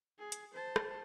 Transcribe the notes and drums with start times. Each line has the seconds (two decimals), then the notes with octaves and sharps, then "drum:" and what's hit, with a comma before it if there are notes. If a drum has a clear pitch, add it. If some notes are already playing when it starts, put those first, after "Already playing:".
0.19 G#4
0.32 drum: hi-hat
0.54 C5 A5
0.76 drum: rim click